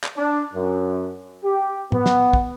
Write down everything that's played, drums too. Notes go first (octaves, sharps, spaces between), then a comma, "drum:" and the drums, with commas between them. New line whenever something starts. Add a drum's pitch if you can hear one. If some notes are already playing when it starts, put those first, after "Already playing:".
drum: clap
D4
F#2
G4
B3, drum: tom
drum: snare
drum: kick